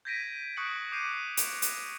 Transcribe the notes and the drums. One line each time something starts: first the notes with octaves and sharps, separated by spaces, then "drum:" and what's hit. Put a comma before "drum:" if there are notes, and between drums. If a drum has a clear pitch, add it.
G6 G#6 A#6 B6 D7 D#7
C#6 D#6 F#6 C#7 D7 F#7
D6 G6 C7 D#7
drum: hi-hat
drum: hi-hat